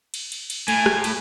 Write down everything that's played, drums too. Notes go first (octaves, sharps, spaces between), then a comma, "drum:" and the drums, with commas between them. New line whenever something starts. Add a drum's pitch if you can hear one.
drum: cymbal
drum: cymbal
drum: cymbal
A2 G#5, drum: cymbal
drum: rim click
drum: cymbal